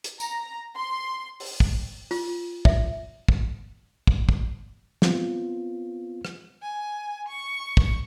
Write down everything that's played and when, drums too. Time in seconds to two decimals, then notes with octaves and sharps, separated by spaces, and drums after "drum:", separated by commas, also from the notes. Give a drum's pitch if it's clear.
0.04 drum: hi-hat
0.20 A#5, drum: tambourine
0.75 C6
1.40 drum: open hi-hat
1.60 drum: kick
2.11 F4, drum: open hi-hat
2.65 E5, drum: kick
3.29 drum: kick
4.07 drum: kick
4.29 drum: kick
5.02 B3 C4 F4, drum: snare
6.25 drum: rim click
6.62 G#5
7.29 C#6
7.77 drum: kick